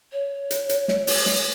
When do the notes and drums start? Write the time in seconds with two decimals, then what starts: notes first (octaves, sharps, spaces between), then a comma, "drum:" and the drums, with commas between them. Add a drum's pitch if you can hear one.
0.13 C#5
0.51 drum: hi-hat
0.69 drum: hi-hat
0.88 drum: snare
1.07 drum: open hi-hat
1.26 drum: snare